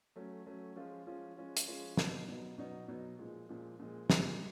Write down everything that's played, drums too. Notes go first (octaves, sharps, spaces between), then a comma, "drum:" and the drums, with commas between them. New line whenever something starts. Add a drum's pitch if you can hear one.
F#3 A3 C#4
F#3 A3 C#4
F3 G#3 C#4 F4
F3 G#3 C#4 F4
F3 G#3 C#4 F4
drum: hi-hat
F3 G#3 C#4 F4
B2 F#3 B3 D#4, drum: snare
B2 F#3 B3 D#4
B2 F#3 B3 D#4
B2 F#3 B3 D#4
A#2 F3 G#3
A#2 F3 G#3
A#2 F3 G#3
A#2 F3 G#3, drum: snare